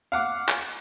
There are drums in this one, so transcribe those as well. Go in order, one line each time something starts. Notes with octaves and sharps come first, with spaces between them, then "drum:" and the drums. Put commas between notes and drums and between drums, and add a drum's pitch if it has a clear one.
F5 F#5 D6
drum: clap